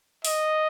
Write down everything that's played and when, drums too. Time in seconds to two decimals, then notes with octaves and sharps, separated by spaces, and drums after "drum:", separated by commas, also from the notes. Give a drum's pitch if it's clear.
0.25 D#5, drum: open hi-hat